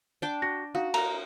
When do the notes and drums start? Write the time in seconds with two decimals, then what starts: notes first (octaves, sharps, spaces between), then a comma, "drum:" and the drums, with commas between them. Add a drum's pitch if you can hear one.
0.22 D4 G5 D6
0.42 F#4 A#6
0.75 D#4 F#4 F5
0.94 D#5 A#5, drum: cymbal